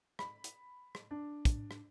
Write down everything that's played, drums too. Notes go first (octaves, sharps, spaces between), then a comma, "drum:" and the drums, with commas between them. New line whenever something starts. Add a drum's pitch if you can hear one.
B5, drum: rim click
drum: hi-hat
drum: rim click
D4
drum: kick, hi-hat
drum: rim click